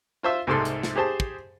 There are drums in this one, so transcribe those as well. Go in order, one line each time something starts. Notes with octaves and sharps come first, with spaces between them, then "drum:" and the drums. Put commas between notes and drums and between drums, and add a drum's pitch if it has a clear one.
F4 C5 E5
C2 G#2 C3 A4 C6
drum: hi-hat
drum: snare
G4 G#4 C5 A5
drum: kick